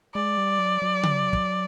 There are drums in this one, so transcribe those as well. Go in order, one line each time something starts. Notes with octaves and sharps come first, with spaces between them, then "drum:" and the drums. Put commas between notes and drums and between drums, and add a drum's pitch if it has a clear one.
G#3 D5
G3
F#3
F#3
drum: tom C#3
drum: kick